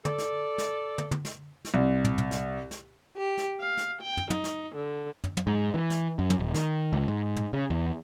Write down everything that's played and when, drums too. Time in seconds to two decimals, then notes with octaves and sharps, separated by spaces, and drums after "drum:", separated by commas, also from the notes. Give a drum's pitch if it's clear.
0.05 A4 D5, drum: tom
0.18 drum: snare
0.58 drum: snare
0.98 drum: tom
1.11 drum: tom
1.25 drum: snare
1.65 drum: snare
1.74 C2
2.05 drum: tom
2.18 drum: tom
2.31 drum: snare
2.71 drum: snare
3.17 G4
3.37 drum: snare
3.60 F5
3.77 drum: snare
4.00 G5
4.17 drum: tom
4.30 D#4, drum: tom
4.44 drum: snare
4.75 D3
5.24 drum: tom
5.37 drum: tom
5.47 G#2
5.74 E3
5.90 drum: snare
6.19 F#2
6.30 drum: tom
6.40 D#1
6.54 D#3, drum: snare
6.93 C#2
7.08 G#2
7.36 drum: tom
7.53 C#3
7.70 E2